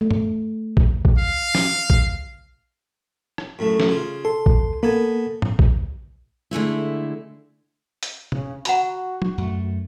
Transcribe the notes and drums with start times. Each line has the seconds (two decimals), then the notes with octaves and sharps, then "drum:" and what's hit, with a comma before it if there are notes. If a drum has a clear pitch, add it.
0.01 A3
0.11 drum: tom G2
0.77 drum: kick A#1
1.05 drum: kick A#1
1.18 F5
1.55 drum: snare
1.90 drum: kick A#1
3.38 drum: rim click
3.59 F#2 A2 A3
3.80 drum: snare
3.89 C#3 F4
4.25 A4 C6
4.46 drum: kick A#1
4.83 A#3 B3 A4 G#5
5.42 drum: tom
5.59 drum: kick A#1
6.51 D3 G#3 A3 E4
8.03 drum: hi-hat
8.32 C#3, drum: tom
8.65 F#4 F#5 A#5 B5, drum: hi-hat
9.22 drum: tom
9.38 F#2 A3